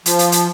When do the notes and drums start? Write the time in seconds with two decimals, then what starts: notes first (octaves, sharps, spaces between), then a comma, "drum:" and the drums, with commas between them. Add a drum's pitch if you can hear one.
0.06 F3, drum: hi-hat
0.19 drum: hi-hat
0.32 drum: hi-hat